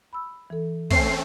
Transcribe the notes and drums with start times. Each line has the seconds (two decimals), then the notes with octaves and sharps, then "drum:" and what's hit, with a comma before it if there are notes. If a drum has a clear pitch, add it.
0.13 B5 E6
0.50 E3 A4
0.90 A3 C4 C#4 C7, drum: kick